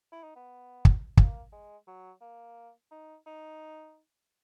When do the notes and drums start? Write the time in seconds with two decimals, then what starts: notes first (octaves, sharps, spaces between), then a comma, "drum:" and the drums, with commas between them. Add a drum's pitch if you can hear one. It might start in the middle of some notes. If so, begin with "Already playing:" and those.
0.12 E4
0.23 D#4
0.36 B3
0.85 drum: kick
1.17 A#3, drum: kick
1.52 G#3
1.87 F#3
2.21 A#3
2.91 D#4
3.26 D#4